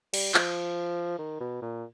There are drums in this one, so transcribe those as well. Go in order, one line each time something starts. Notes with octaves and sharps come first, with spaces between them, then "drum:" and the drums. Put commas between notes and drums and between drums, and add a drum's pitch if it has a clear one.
G3, drum: cymbal
F3, drum: clap
D#3
B2
A#2